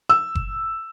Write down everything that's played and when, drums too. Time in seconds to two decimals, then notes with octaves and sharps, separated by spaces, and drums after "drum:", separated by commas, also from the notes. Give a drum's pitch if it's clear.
0.09 E6
0.35 drum: kick F#1